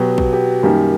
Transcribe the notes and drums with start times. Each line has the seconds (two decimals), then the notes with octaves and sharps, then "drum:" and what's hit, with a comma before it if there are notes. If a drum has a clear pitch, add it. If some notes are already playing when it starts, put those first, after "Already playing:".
Already playing: B2 F#3 B3 G4
0.18 drum: kick
0.33 G4
0.63 F#2 D#3 G3 A#3 G4